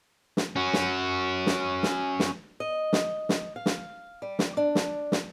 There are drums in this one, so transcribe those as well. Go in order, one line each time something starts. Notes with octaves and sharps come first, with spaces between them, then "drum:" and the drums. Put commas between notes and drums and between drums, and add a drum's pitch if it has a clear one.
drum: snare
C#4 F#4
drum: snare
drum: snare
drum: snare
drum: snare
D#5
drum: snare
drum: snare
F5
drum: snare
G3
drum: snare
D4
drum: snare
drum: snare